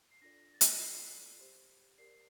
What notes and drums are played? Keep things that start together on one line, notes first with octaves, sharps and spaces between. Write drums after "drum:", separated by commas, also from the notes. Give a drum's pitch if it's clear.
C7
D4 F4 A4 D5 A#6
A6
A#6, drum: hi-hat
F4 A4 D5 C7
G4 C5
G4 A#4 D5 C7